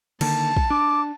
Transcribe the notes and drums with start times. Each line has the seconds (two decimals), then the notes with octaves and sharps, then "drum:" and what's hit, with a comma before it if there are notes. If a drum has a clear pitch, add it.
0.21 D3 D#3 A#3 A5, drum: cymbal
0.57 drum: kick
0.70 D4 D6